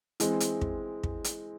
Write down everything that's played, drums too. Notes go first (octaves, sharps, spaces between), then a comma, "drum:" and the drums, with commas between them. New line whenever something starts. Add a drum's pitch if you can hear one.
E3 G#3 C4, drum: hi-hat
drum: hi-hat
drum: kick
drum: kick
drum: hi-hat